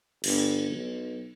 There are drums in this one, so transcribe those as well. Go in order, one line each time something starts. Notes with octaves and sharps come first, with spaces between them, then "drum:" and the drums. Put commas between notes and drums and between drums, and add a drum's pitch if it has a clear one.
G1, drum: cymbal
B1